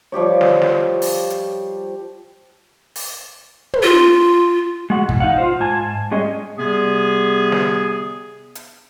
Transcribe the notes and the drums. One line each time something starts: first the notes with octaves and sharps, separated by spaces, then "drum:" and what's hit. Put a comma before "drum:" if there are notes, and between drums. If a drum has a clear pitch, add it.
F3 G3 G4 C#5
drum: snare
drum: snare
drum: open hi-hat
drum: hi-hat
drum: open hi-hat
drum: tom
F4
G#3 B3 F#4 F#5
B2 E3, drum: kick
D#4 F5 F#5
F4 C5
G#2 G#5 A5
G3 G#3 C#4 G#4 D#5
C3 G3 B3 G#4
drum: snare
drum: hi-hat